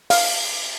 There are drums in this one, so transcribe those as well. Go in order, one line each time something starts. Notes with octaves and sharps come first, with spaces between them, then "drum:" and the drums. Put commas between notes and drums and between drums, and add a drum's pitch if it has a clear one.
F5, drum: open hi-hat